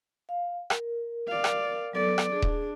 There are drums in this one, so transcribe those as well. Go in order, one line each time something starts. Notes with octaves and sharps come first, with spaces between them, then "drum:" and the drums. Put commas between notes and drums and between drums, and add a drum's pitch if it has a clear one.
F5
A#4, drum: rim click
D5 F5
drum: rim click
F#3 B3 A4 D5
drum: rim click
D4 G#4
drum: kick D#1